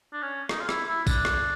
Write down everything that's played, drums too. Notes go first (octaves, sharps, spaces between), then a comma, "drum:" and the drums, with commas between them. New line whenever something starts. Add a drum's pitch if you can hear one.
D4
C#4
D#4, drum: rim click
F4
E4, drum: rim click
E4
D4, drum: kick A1, tambourine
drum: rim click